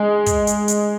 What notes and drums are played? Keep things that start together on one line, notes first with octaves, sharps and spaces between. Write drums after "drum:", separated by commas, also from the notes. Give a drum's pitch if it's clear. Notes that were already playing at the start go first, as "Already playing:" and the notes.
Already playing: G#3
drum: kick, hi-hat
drum: hi-hat
drum: hi-hat